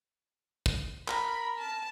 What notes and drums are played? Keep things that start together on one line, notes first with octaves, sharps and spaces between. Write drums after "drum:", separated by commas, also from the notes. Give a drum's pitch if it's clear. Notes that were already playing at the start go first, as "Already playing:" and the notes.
drum: kick
A#4 B5, drum: clap
A5